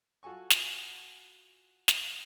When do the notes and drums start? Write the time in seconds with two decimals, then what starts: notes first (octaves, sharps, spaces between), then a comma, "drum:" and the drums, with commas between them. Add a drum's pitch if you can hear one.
0.23 F4 F#4 A4 G#5 C#6
0.50 drum: snare
1.88 drum: snare